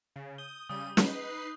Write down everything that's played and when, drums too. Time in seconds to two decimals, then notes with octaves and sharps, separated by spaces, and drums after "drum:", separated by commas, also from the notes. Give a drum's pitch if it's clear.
0.16 C#3
0.38 D#6 G6 G7
0.69 C#3 G3 D#6 D#7
0.97 D#4 B4 C7, drum: snare